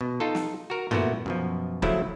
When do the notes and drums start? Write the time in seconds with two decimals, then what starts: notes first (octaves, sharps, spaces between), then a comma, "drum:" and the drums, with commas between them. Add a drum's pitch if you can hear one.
0.01 B2
0.20 D#4 F4 A4
0.35 drum: snare
0.70 F#4 A#4
0.91 A#2 A3 B3 E4 F#4, drum: tom F#2
1.26 F#2 B2 F3
1.82 C#3 F3 F#3 A3 E4, drum: kick